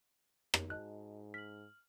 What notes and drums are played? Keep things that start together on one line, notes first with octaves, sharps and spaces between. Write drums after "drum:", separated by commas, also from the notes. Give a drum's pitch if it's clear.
drum: rim click
G#2 F#4 D#5 A5 F#6
F6 B6 F#7